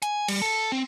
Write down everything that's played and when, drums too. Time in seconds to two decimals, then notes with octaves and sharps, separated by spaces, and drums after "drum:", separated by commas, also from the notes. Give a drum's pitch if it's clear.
0.02 G#5, drum: hi-hat
0.28 G3, drum: cymbal
0.42 A4
0.72 C4